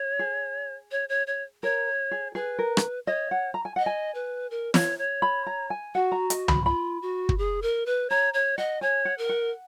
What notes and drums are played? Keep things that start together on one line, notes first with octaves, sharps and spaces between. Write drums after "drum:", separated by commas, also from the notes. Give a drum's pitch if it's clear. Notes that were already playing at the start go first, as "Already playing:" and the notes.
Already playing: C#5
G#4
C#5
C#5
C#5
A#4 C#5
G#4
G#4 B4
A#4
drum: rim click
C#5 D#5
F#5
A#5
G#5
D#5 F#5
G#5
B4
A#4
C#5, drum: snare
C#5
B5
A#5
G#5
F#4 F#5
A#5
D#5, drum: hi-hat
B5, drum: tom
F4 B5
F#4
drum: kick
G#4
A#4
B4
C#5 A#5
C#5
D#5 F#5
C#5 G#5
F#5
A#4
F#5